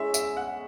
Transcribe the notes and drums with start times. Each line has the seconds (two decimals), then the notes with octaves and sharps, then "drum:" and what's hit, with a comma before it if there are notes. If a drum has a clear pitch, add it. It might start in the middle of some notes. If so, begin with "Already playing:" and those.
Already playing: G#3 C#4 E4 G#4 E5
0.14 E5, drum: tambourine
0.37 F#5